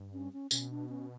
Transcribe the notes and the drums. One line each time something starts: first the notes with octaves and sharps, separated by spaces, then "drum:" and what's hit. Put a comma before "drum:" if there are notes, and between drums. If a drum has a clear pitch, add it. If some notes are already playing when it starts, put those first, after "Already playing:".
Already playing: G2
C#4
C#4
B2 C#4, drum: tambourine
D4
C#4